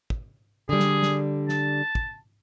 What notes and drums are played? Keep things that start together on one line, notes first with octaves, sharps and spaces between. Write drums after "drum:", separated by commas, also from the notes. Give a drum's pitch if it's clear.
drum: kick
D3 G3 G#4
drum: snare
drum: snare
A5, drum: snare
drum: kick